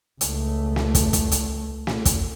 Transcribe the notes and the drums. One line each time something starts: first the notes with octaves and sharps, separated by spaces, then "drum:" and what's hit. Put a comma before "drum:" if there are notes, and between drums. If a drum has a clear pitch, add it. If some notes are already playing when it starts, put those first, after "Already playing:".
C#2 A3, drum: hi-hat
drum: snare
drum: kick, hi-hat
drum: kick, hi-hat
drum: hi-hat
drum: snare
drum: kick, hi-hat